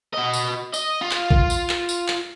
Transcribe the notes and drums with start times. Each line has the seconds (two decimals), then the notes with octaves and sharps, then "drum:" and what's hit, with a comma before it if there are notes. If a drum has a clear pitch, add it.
0.14 F#4 D#5
0.33 drum: tambourine
0.74 D#5, drum: tambourine
1.02 F4
1.11 drum: clap
1.31 drum: kick A1
1.50 drum: tambourine
1.69 drum: clap
1.89 drum: tambourine
2.08 drum: clap